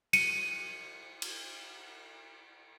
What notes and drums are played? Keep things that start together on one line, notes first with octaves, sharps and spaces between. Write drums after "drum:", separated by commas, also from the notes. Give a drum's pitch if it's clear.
C#7 D#7, drum: cymbal
drum: cymbal